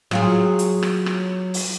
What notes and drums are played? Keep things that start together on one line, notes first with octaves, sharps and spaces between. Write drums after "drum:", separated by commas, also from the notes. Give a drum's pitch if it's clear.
F#3 F4 G#4, drum: rim click
drum: hi-hat
drum: rim click
drum: rim click
drum: open hi-hat